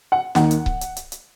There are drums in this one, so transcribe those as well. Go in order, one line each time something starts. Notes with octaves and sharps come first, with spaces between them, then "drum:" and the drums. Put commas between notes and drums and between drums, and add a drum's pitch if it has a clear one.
F#5
D#2 D#3 A#3 D#4 F#5, drum: snare
drum: hi-hat
drum: kick C#1
drum: hi-hat
drum: hi-hat
drum: hi-hat